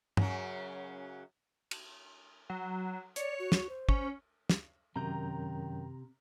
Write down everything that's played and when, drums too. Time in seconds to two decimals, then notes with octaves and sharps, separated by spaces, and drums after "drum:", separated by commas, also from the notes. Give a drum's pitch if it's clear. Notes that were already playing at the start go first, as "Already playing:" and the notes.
0.17 F#2 C#3 F#3, drum: tom
1.71 drum: cymbal
2.50 F#3
3.16 C#5 D5, drum: hi-hat
3.39 F#4
3.52 drum: snare
3.69 C5
3.89 C#4, drum: kick
4.50 drum: snare
4.96 F#2 C3 D#3 A#5 G6